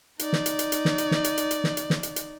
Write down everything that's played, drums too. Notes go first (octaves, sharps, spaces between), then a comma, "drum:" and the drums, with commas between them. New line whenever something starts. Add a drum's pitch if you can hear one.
D#4 D5, drum: hi-hat
drum: snare
drum: hi-hat
drum: hi-hat
drum: hi-hat
drum: snare
drum: hi-hat
drum: snare
drum: hi-hat
drum: hi-hat
drum: hi-hat
drum: snare
drum: hi-hat
drum: snare
drum: hi-hat
drum: hi-hat